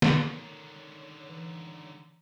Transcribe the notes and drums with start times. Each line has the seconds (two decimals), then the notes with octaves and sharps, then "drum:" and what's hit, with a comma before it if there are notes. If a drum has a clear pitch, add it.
0.02 drum: snare
0.19 D3 D#3 C#5
1.29 E3